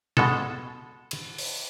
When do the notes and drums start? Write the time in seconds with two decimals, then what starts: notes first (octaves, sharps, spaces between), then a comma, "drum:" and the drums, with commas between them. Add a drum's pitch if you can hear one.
0.17 B2 G#3 A4, drum: tom B2
1.11 drum: cymbal
1.38 drum: open hi-hat